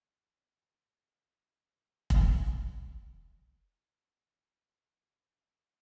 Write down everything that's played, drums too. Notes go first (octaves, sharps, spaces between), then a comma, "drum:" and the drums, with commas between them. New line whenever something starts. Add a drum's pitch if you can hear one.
C#4
C4
B3
A#3
drum: kick
D#4
C4 D4
C4 D4
C#4 D#4
C#4 D#4
C#4 D#4
D4
C#4
C4 D4
D4
D#4
C4 D4